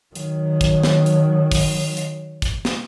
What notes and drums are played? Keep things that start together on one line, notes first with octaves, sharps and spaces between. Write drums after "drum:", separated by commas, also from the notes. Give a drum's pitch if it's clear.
D#3 F#3, drum: hi-hat
drum: kick, hi-hat
drum: snare
drum: hi-hat
drum: kick, open hi-hat
drum: hi-hat
drum: kick, hi-hat
drum: snare